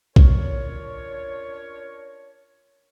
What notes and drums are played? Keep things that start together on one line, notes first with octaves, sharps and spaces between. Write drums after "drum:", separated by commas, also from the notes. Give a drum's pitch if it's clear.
C#4 D4 F4 A#4 C#5, drum: kick A#1